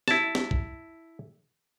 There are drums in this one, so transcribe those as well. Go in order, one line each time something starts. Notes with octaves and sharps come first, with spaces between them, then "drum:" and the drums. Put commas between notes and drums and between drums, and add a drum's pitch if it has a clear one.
E4 A5, drum: snare
drum: snare
drum: kick